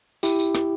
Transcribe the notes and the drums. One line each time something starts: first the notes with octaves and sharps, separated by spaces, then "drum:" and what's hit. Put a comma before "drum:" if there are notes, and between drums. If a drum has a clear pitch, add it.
E4 G4, drum: tambourine
drum: tambourine
drum: rim click